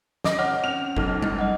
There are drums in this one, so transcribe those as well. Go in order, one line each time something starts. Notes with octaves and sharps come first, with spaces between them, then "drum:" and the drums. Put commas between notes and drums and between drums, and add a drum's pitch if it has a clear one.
D#5 D6 A#6, drum: snare
C#5 F#5 F6
C4 C#4 F7
B1 F6, drum: kick G1
drum: tom G3
D#5 F#5